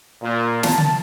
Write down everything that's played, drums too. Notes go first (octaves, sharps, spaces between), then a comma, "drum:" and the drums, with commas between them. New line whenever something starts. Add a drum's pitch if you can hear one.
A#2
A5, drum: snare
drum: tom C#3